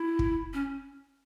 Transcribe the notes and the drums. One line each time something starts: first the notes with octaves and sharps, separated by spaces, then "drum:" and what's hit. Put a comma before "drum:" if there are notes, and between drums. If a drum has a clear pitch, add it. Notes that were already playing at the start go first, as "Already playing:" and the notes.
Already playing: E4
drum: kick
C#4